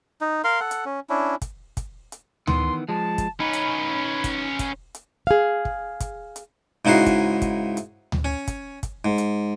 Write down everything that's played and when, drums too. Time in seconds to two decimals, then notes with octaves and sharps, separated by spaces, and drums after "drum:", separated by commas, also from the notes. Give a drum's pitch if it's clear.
0.21 D#4
0.44 A#4 F5 C6
0.60 A4 F#5
0.71 drum: hi-hat
0.85 C#4
1.10 C#4 D4 E4
1.42 drum: kick, hi-hat
1.77 drum: kick, hi-hat
2.12 drum: hi-hat
2.47 D#3 E3 B3 C6, drum: tom D2
2.89 F3 G#3 A5
3.18 drum: kick, hi-hat
3.40 C#4 D#4 B4 B5
3.53 drum: hi-hat
4.24 drum: kick, hi-hat
4.59 drum: kick, hi-hat
4.95 drum: hi-hat
5.27 G#4 F5
5.65 drum: kick
6.00 drum: kick, hi-hat
6.36 drum: hi-hat
6.85 G#2 C#3 D#4 E4 F#4 C6
7.06 drum: kick, hi-hat
7.42 drum: kick, hi-hat
7.77 drum: hi-hat
8.12 drum: tom D2
8.25 C#4
8.47 drum: kick, hi-hat
8.83 drum: kick, hi-hat
9.05 G#2
9.18 drum: hi-hat